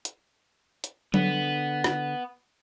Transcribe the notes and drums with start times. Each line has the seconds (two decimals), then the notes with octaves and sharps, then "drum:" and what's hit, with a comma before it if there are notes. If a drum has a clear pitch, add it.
0.05 drum: hi-hat
0.84 drum: hi-hat
1.14 D3 B3, drum: tom F#3
1.84 drum: rim click